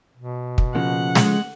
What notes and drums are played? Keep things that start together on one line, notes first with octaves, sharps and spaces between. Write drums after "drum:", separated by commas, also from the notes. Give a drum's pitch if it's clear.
B2
drum: kick
C#3 F3 A#3 F#5
G#3, drum: snare